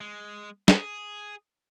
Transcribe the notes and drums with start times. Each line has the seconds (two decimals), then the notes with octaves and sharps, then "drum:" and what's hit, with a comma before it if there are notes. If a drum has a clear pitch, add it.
0.01 G#3
0.68 G#4, drum: snare